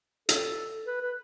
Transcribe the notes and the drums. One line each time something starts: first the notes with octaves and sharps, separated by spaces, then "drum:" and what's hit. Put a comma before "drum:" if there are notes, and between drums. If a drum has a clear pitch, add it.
A4, drum: hi-hat
B4
B4